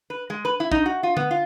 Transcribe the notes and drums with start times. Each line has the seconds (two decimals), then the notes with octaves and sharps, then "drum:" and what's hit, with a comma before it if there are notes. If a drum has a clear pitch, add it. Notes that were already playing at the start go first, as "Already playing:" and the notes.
0.10 B4
0.30 G#3
0.45 B4
0.60 E4
0.72 D#4, drum: kick
0.86 F#4
1.03 F4
1.17 B3, drum: tom D3
1.31 F4